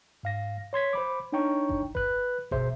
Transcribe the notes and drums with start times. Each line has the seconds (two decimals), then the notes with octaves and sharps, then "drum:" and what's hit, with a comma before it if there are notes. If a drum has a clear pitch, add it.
0.23 G#2 F5 A#6
0.73 C#5 C6 G#6 B6
0.93 C5 B5 D6
1.32 D4 D#4 C#5 G5 A#5 C#6
1.69 drum: kick G1
1.95 B4 F#6, drum: kick G1
2.51 B2 G#4 C5 E5, drum: kick G1